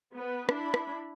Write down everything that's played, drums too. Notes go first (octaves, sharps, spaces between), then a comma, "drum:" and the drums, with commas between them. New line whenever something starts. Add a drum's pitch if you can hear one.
B3 B4
D4 E4 B5, drum: rim click
drum: rim click